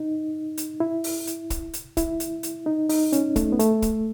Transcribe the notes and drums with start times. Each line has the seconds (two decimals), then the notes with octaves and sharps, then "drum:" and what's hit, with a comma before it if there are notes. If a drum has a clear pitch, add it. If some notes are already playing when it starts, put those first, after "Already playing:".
Already playing: D#4
0.57 drum: hi-hat
0.80 E4
1.04 drum: open hi-hat
1.27 drum: hi-hat
1.50 drum: kick, hi-hat
1.73 drum: hi-hat
1.97 E4, drum: kick, hi-hat
2.20 drum: hi-hat
2.43 drum: hi-hat
2.66 D#4
2.89 D#4, drum: open hi-hat
3.13 C#4, drum: hi-hat
3.36 A3, drum: kick, hi-hat
3.52 B3
3.59 A3, drum: hi-hat
3.82 drum: kick, hi-hat